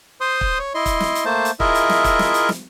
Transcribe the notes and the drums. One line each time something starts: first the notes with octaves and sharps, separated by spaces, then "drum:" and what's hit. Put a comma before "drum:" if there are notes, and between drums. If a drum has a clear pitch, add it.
C5 C6 D#6
drum: kick
C#5
E4 D#5 C6
drum: kick, hi-hat
drum: snare
drum: hi-hat
A3 A#3 C5 A5
drum: hi-hat
E4 F4 G#4 A#4 D#5 E5, drum: kick
drum: hi-hat
drum: snare
drum: kick, hi-hat
drum: snare
drum: hi-hat
drum: snare